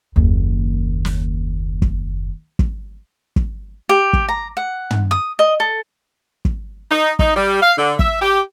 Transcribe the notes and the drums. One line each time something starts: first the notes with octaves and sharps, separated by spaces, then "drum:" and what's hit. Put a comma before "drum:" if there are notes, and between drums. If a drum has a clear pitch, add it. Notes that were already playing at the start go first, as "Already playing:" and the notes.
F#1 D#2
drum: snare
drum: kick
drum: kick
drum: kick
G4
drum: kick
A#5
F#5
drum: tom
D#6
D#5
A4
drum: kick
D#4
D#4, drum: kick
G3
F5
D3
E5, drum: kick
G4